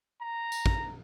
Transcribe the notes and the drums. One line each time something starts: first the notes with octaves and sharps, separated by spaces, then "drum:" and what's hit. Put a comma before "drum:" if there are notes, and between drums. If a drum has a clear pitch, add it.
A#5
drum: tambourine
drum: kick